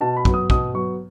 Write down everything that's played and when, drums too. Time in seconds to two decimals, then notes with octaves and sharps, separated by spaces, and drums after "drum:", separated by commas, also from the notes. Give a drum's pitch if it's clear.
0.01 B2 A5
0.17 B5
0.25 F#3 B3, drum: kick
0.34 D#6
0.50 B2 D#6, drum: kick
0.74 F#3 B3 C#6